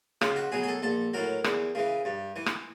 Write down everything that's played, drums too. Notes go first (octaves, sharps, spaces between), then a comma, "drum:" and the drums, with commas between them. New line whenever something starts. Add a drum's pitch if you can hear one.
C#2 F4, drum: rim click
F#4
B2 F#3 G#4
G#4
A4
A#1 A4
A2 F#3 A#4
E2, drum: rim click
C#3 E3
G2
E3
drum: rim click